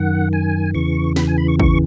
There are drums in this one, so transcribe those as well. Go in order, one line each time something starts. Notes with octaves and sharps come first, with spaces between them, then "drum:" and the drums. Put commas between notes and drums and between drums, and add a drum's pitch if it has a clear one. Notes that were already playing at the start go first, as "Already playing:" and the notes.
Already playing: F#2 D#3 F#5
G#5
E2 C#3 E3 C#6
B5, drum: snare
G#5
B5
C#6
C#6, drum: kick